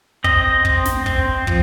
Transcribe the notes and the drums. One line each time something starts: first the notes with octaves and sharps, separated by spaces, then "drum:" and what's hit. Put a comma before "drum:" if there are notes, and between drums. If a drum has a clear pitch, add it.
C4 D#5, drum: kick
C4, drum: kick
drum: snare
C4, drum: kick
F3, drum: kick